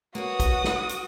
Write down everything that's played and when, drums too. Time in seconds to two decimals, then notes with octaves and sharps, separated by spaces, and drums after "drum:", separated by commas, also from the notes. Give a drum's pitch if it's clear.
0.15 A#3 B3 F#4 C#5 D#6
0.40 drum: kick, hi-hat
0.64 drum: snare
0.89 drum: hi-hat